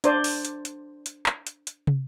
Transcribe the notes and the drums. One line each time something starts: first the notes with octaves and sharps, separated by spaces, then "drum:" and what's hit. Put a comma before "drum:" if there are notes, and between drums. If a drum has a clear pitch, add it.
D4 C5 D5, drum: hi-hat
drum: open hi-hat
drum: hi-hat
drum: hi-hat
drum: hi-hat
drum: clap
drum: hi-hat
drum: hi-hat
drum: tom